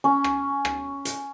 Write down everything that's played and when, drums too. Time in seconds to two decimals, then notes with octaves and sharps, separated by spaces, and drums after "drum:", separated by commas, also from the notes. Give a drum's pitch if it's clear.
0.04 C#4
0.24 drum: rim click
0.65 drum: rim click
1.05 drum: hi-hat